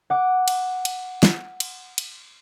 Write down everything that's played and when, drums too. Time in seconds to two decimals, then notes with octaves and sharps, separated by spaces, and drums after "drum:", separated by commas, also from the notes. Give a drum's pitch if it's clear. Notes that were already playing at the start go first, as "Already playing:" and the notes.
0.10 F#5 D6
0.48 drum: cymbal
0.85 drum: cymbal
1.23 drum: snare
1.60 drum: cymbal
1.98 drum: cymbal